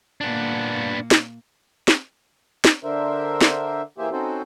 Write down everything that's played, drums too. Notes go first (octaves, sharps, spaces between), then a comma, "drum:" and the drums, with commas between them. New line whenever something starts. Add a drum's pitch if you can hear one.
A#2 A#3 B3 D4
drum: snare
drum: snare
drum: snare
D3 D4 A#4 C5 E5
drum: snare
E3 A#3 G4 G#4 C5 E5
C4 C#4 D#4 F#4 A4 C5